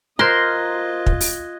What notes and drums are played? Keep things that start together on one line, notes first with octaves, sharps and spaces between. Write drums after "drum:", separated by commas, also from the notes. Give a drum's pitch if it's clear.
F4 A#4 C5 D#5 C6 F#6 G#6 A#6
drum: kick
drum: open hi-hat